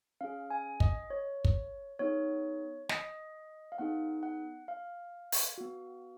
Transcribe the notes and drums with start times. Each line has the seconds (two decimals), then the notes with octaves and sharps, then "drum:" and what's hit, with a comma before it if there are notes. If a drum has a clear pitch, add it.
0.21 C#4 G#4 F5
0.50 G#5
0.80 D#5, drum: kick
1.10 C#5
1.45 drum: kick
1.99 B3 D#4 G#4 C#5
2.89 D#5, drum: snare
3.72 F5
3.78 B3 D#4 G#4 F#5
4.23 F#5
4.68 F5
5.32 drum: open hi-hat
5.58 B3 F#4